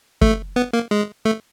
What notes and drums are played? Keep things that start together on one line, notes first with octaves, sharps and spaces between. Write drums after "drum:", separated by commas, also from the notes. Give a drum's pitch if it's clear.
A3, drum: kick
B3
A#3
G#3
A3